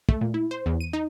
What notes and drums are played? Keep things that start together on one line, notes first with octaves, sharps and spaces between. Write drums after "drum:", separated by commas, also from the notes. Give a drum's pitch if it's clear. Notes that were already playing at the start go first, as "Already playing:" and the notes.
A3, drum: kick
A#2
E4
C5
E2
D#7
D#4